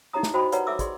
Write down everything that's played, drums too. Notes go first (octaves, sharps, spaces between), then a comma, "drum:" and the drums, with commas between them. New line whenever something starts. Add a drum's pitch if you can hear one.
D#4 E4 G4 C#5 A#5 D#6
drum: snare
F#4 C5 D#5 G5 B5 D#6
G4 B4 C#5 D5 F#5 A#5, drum: hi-hat
A4 E5 C#6 D6 E6
G#4 D5 C6, drum: kick, hi-hat